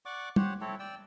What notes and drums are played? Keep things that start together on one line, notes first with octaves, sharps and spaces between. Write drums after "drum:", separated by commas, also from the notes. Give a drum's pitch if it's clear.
D5 F#5 C#6 D6
G4 C5 C#5 F#5, drum: tom
C4 E4 A4 C#5
D5 G5 E6